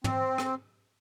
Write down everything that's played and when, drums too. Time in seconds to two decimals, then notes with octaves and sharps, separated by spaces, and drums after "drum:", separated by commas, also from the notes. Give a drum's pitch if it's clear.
0.04 C4, drum: tom
0.38 drum: rim click